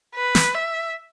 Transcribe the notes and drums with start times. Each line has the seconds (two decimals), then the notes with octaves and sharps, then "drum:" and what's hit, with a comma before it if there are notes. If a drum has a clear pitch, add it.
0.15 B4
0.35 drum: snare
0.55 E5